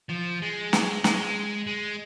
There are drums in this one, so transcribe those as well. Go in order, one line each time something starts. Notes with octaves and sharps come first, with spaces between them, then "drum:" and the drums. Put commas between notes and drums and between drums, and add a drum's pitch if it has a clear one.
F3
G#3
drum: snare
G#3, drum: snare
G#3